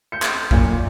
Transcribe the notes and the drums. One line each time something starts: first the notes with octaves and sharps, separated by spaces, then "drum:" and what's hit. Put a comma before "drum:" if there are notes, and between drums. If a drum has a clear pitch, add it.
G6 C#7
drum: clap
F#2 A#2, drum: kick B1